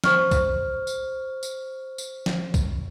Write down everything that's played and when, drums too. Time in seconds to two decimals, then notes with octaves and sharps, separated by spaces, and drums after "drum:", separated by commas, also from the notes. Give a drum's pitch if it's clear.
0.04 C5 C#6 F6, drum: snare
0.31 drum: kick B1, tambourine
0.87 drum: tambourine
1.43 drum: tambourine
1.98 drum: tambourine
2.26 drum: snare
2.54 drum: kick B1, tambourine